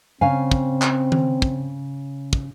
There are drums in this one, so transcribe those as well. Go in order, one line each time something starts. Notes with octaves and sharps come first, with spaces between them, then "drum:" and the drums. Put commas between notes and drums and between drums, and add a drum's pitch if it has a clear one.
C#3 C4 F5 G#5
drum: kick
drum: clap
drum: tom D#3
drum: kick
drum: kick